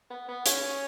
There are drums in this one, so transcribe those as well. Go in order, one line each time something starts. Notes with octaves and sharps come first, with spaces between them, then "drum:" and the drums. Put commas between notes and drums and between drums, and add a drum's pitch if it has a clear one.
B3
B3
C#4, drum: hi-hat